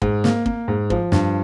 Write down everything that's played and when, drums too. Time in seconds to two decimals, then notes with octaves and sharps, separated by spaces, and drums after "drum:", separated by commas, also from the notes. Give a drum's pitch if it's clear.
0.02 G#2, drum: kick
0.24 A#3, drum: snare
0.46 A#3, drum: kick
0.68 G#2
0.90 F3, drum: kick
1.12 G2, drum: snare